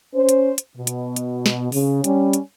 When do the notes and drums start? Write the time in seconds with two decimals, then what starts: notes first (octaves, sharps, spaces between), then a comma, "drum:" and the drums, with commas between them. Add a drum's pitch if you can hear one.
0.15 C#4 C5
0.29 drum: hi-hat
0.58 drum: hi-hat
0.78 B2
0.87 drum: hi-hat
1.16 drum: hi-hat
1.46 drum: snare
1.72 C#3, drum: open hi-hat
2.04 G3 C#4, drum: hi-hat
2.33 drum: hi-hat